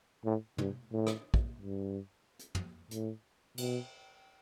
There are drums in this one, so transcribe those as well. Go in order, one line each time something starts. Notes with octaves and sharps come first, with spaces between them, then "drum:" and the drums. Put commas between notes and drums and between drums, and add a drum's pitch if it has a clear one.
A2
G2, drum: tom
A2
drum: rim click
drum: kick
G2
drum: hi-hat
drum: tom
A2, drum: hi-hat
B2, drum: cymbal